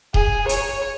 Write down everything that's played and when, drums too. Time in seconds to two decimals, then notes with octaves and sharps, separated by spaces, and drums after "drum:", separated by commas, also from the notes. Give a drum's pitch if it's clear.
0.14 G#4, drum: kick D#1
0.49 C#5, drum: hi-hat